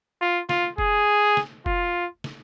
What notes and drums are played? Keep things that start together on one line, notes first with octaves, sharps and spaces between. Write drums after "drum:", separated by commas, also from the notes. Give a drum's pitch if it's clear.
F4
F4, drum: snare
G#4, drum: kick F1
drum: snare
F4, drum: kick F1
drum: snare